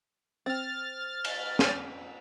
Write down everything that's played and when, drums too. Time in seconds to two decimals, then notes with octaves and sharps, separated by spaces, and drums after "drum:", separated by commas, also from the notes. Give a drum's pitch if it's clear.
0.46 C4 F6 A6
1.24 drum: cymbal
1.59 drum: snare